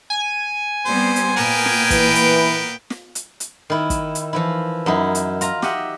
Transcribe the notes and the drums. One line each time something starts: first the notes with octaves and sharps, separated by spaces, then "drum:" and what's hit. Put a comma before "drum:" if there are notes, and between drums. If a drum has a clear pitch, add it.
G#5
G3 B3 C4 C5
drum: hi-hat
A#2 A#3 B3 A#4 G5
drum: snare
E3 B4, drum: kick, hi-hat
drum: hi-hat
drum: snare
drum: hi-hat
drum: hi-hat
D#3 E4
drum: kick, hi-hat
drum: hi-hat
E3 F3 E4
F#2 D#4 E4
drum: hi-hat
F4 A#5, drum: hi-hat
G4 D#5 E5 F#5, drum: snare